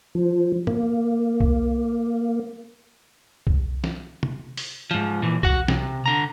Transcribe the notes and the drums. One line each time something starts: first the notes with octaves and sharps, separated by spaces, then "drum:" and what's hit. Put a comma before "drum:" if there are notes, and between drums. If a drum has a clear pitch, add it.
F3
A#3, drum: tom G#2
drum: kick C2
drum: kick C2
drum: snare
drum: tom
drum: open hi-hat
G#2 F3
A#2 E3
F#4 F#5, drum: kick C2
C3, drum: snare
D3 A#5